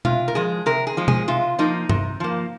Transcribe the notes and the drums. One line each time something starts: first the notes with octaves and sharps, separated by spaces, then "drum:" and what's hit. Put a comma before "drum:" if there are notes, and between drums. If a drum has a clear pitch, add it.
C3 F4, drum: tom
A#4
F3 G#3 G#4
C3 A#4
G#4
F3 G#3
G#4, drum: tom
C3 F4
F3 A#3 D#4
C3, drum: tom G2
F3 A#3